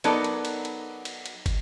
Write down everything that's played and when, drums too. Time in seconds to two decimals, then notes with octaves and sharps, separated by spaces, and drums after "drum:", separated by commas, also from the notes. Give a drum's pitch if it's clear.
0.04 F#3 B3 D#4 A4 A#4 D5, drum: cymbal
0.24 drum: cymbal
0.45 drum: cymbal
0.65 drum: cymbal
1.05 drum: cymbal
1.26 drum: cymbal
1.46 drum: kick, cymbal